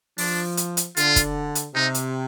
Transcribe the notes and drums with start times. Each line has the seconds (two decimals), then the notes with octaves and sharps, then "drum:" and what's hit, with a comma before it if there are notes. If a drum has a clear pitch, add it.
0.18 F3 D4, drum: open hi-hat
0.57 drum: hi-hat
0.77 drum: hi-hat
0.97 D3 F4, drum: hi-hat
1.16 drum: kick, hi-hat
1.55 drum: hi-hat
1.75 C3 D#4
1.94 drum: hi-hat